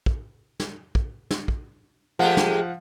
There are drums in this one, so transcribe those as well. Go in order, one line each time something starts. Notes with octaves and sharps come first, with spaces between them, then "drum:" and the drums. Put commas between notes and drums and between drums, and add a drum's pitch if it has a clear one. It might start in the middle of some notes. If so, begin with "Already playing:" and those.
drum: kick
drum: snare
drum: kick
drum: snare
drum: kick
F3 G#3 A3 G4 F5 F#5
drum: snare